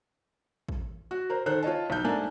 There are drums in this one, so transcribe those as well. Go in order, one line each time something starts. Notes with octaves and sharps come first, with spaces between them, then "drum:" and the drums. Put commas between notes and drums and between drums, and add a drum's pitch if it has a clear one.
drum: kick
F#4
A#4 C5
D#3 A4 C5 F#6
F4 C#5 D#5 A5
B1 G6
G#2 A3 D4 A#4 G#5 A5